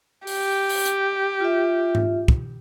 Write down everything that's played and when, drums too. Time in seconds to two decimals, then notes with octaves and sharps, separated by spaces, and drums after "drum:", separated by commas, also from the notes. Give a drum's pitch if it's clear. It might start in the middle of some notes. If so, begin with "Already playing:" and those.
0.27 G4, drum: open hi-hat
0.69 drum: open hi-hat
0.86 drum: hi-hat
1.40 F4 E5
1.95 drum: tom G#2
2.28 drum: kick